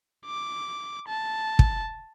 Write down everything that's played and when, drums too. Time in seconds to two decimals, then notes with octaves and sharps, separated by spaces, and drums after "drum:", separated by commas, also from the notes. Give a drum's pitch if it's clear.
0.26 D6
1.08 A5
1.59 drum: kick